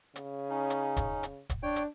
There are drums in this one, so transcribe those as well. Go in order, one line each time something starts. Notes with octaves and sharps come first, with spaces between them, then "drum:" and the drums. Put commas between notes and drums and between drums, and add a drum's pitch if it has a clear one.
C#3, drum: hi-hat
C#4 D#4
drum: hi-hat
drum: kick, hi-hat
drum: hi-hat
drum: kick, hi-hat
D4 C#5 G5
drum: hi-hat